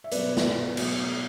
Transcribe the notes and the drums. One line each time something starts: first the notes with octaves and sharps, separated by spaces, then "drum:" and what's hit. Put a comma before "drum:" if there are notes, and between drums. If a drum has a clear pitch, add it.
E5
B2 F#3 B4 D5, drum: hi-hat
drum: snare
B2 F#3, drum: cymbal